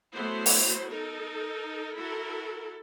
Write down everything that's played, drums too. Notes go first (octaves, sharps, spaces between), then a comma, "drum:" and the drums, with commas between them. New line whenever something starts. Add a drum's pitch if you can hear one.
F#3 A3 B3 E4 F#4 C5
drum: open hi-hat
D#4 A4 A#4
E4 F#4 A4 A#4